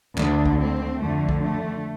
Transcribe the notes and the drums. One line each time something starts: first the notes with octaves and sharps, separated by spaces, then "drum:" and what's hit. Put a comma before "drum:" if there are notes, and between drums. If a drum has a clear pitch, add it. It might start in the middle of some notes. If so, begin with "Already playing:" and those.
D2 D3 D4, drum: clap
drum: kick B1
C4
F2 D3 A3
drum: kick B1
A3